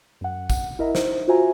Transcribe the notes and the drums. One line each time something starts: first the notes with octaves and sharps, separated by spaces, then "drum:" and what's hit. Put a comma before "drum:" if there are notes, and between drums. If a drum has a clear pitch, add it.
F#2 F#5
F#5, drum: kick, tambourine
E4 A#4 D#5 E5 A#5
D#4 C5, drum: snare
F4 F#4 C5 E5 G#5 A#5